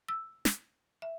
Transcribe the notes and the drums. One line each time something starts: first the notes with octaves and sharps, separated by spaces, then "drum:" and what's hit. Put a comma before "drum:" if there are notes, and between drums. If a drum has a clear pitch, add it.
E6
drum: snare
E5